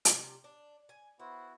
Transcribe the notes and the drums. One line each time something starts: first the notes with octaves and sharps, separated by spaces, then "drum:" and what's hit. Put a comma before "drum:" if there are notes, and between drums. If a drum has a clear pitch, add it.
C3 F3 G3, drum: hi-hat
D4
G#5
B3 E4 F#4 C5